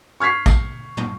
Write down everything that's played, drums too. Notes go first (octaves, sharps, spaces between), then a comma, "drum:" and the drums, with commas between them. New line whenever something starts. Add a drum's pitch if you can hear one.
C#6 F6 G#6 B6 C7
drum: kick, tambourine
drum: tom